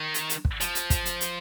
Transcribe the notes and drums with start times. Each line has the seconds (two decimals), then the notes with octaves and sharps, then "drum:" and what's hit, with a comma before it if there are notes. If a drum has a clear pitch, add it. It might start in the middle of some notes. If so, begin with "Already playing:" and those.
Already playing: D#3
0.14 drum: hi-hat
0.29 drum: hi-hat
0.45 drum: kick
0.60 F3, drum: hi-hat
0.75 drum: hi-hat
0.90 drum: kick, hi-hat
1.05 drum: hi-hat
1.21 drum: hi-hat